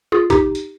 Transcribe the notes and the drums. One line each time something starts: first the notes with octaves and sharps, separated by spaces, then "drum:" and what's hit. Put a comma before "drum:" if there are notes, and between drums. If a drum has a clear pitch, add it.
F4 G#4
D#4 G4, drum: kick, hi-hat
drum: hi-hat